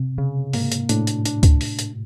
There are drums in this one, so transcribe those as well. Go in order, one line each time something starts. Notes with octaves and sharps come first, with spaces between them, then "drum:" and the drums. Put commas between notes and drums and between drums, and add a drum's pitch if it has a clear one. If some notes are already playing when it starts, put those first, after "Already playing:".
Already playing: C3
C#3
G#2 A#3, drum: open hi-hat
drum: hi-hat
A2 D4, drum: hi-hat
drum: hi-hat
D4, drum: hi-hat
drum: kick C#2, hi-hat
drum: open hi-hat
drum: hi-hat